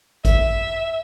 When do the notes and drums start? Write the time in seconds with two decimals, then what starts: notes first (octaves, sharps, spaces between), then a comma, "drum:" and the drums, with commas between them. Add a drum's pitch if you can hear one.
0.25 E5, drum: kick G#1, hi-hat